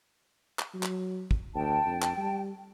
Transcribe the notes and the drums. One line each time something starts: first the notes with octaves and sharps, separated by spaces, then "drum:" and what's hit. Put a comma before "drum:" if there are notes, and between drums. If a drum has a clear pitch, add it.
drum: clap
F#3
drum: clap
drum: kick
D2 G5 A5
F2
drum: clap
G3